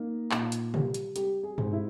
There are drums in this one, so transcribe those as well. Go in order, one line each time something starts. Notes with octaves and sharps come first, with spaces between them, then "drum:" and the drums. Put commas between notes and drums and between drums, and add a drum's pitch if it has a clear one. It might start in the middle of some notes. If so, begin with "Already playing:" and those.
Already playing: A#3 D#4
A#2, drum: clap
drum: hi-hat
G3, drum: tom C3
drum: hi-hat
G3 G4, drum: hi-hat
G#4
G#2, drum: tom G2
E4